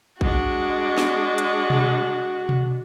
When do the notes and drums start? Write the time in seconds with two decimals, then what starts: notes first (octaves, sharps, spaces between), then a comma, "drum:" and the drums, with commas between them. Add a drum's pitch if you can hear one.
0.21 G#3 D4 F#4, drum: kick
0.98 drum: snare
1.38 drum: hi-hat
1.70 drum: tom B2
2.49 drum: tom B2